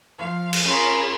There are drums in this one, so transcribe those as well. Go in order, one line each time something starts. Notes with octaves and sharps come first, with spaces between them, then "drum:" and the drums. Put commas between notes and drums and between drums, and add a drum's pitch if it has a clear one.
F3 F5
drum: cymbal
C#4 F4 G#4 A#4 B5